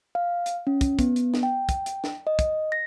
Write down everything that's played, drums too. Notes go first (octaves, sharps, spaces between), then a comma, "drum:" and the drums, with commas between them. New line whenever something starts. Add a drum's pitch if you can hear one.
F5
drum: hi-hat
C#4
drum: kick, hi-hat
B3, drum: kick, hi-hat
drum: hi-hat
drum: snare
G5
drum: kick, hi-hat
drum: hi-hat
drum: snare
D#5
drum: kick, hi-hat
A#6